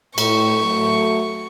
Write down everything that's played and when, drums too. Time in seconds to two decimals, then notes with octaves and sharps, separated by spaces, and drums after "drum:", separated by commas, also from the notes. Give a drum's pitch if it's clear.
0.18 A2 C#6, drum: cymbal
0.64 F#3 A3